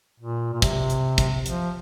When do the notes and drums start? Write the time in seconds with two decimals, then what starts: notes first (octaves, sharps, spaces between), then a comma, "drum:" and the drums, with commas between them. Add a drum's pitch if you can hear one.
0.20 A#2
0.53 A#2
0.62 C3, drum: kick, hi-hat
0.90 drum: hi-hat
1.18 drum: kick, hi-hat
1.46 F3, drum: hi-hat